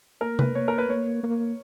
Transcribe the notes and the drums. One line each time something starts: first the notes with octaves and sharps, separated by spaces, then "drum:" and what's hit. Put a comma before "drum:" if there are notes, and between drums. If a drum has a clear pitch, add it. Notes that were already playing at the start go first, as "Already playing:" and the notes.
A#3 A#4
B4, drum: tom C3
A#3 C#5
A#4
B4
A#3 C#5
A#3